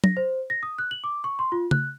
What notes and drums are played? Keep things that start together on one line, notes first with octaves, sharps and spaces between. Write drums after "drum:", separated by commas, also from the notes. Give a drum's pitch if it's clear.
A#6, drum: tom F#3
C5
A#6
D#6
F#6
F#7
D6
C#6
C6
F4
F#6, drum: tom C#3